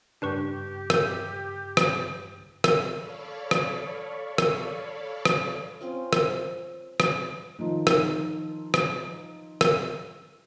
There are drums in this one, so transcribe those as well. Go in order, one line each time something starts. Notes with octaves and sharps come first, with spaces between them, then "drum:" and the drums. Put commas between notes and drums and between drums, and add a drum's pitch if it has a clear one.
G2 C#3 D4 G4 B4 C#6
drum: rim click
drum: rim click
drum: rim click
A4 C#5 D5 F5 B5 C#6
drum: rim click
drum: rim click
drum: rim click
C4 C#4 F4
drum: rim click
drum: rim click
D#3 F3 D#4 F4
drum: rim click
drum: rim click
drum: rim click